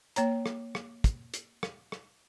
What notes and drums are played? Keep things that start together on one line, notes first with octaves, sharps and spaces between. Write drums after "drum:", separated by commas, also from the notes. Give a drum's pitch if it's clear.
A#3 C#5 A#5, drum: hi-hat
drum: rim click
drum: rim click
drum: kick, hi-hat
drum: hi-hat
drum: rim click
drum: rim click